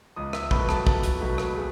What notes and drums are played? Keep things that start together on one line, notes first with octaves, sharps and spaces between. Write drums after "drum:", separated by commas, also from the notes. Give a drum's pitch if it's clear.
C#2 D#5 D#6
E5 E6, drum: rim click
B2 F#3 A3 B4 B5, drum: kick
A4 A5, drum: rim click
C#2 A4 A5, drum: kick
drum: hi-hat
B2 F#3 A3 B4 B5
drum: rim click
G#4 G#5